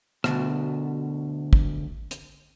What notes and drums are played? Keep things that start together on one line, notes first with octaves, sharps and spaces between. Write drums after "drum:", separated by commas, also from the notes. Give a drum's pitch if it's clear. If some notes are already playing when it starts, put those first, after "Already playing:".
D2 B2, drum: rim click
drum: kick
drum: hi-hat